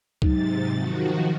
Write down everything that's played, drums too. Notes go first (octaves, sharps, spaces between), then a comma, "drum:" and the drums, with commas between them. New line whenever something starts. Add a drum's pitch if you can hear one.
G#2 C3 F#3 D#4 A6, drum: kick
D#3 F3 F#4